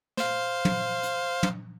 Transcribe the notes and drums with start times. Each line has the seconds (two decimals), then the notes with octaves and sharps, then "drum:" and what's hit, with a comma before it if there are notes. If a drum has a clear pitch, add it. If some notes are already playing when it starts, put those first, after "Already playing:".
0.17 C5 F5, drum: snare
0.65 drum: tom
1.03 drum: hi-hat
1.43 drum: tom